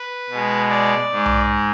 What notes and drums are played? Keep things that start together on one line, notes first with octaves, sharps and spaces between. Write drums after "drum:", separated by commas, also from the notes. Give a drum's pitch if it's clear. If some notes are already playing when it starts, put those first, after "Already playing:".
Already playing: B4
B2 G#3
D5
G#2 G#3
drum: tom B1